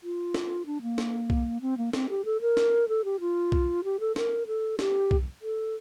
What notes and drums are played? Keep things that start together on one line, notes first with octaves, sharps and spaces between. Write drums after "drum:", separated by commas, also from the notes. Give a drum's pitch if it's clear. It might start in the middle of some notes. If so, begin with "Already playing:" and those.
F4
drum: snare
D4
A#3
drum: snare
drum: kick B1
C4
A#3
C4, drum: snare
G4
A4
A#4
drum: snare
A4
G4
F4
drum: kick B1
G4
A4
A#4, drum: snare
A4
G4, drum: snare
drum: kick B1
A4